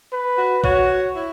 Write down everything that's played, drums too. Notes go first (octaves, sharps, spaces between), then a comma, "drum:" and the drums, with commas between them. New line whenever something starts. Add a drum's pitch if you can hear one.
B4
F#4
F#4 C#5, drum: kick
E4